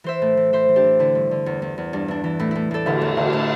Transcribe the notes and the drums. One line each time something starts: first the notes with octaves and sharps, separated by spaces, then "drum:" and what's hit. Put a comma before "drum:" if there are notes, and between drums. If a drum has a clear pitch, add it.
E3 C5 E5
A2
E3
E3 C5 E5
E3
D4 G4
E3
D3 E4
G2
D3
E2
E2
E2
G2 D4
E3 D4
E3
A2 E4
A2 E4
A2 A4 D5
D3 E4, drum: cymbal
E2
D3, drum: cymbal
A2 D4